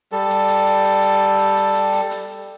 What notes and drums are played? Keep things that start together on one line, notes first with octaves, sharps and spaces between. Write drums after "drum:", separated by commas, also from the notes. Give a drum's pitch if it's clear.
G3 A4
drum: hi-hat
drum: hi-hat
drum: hi-hat
drum: hi-hat
drum: hi-hat
drum: hi-hat
drum: hi-hat
drum: hi-hat
drum: hi-hat
drum: hi-hat